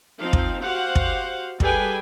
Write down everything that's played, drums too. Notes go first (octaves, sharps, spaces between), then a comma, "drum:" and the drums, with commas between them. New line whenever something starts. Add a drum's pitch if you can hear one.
F3 C4 D#4 F5
drum: kick
F#4 G4 C5 F5 F#5
drum: kick
G3 G#4 A4 B4 G5 G#5, drum: kick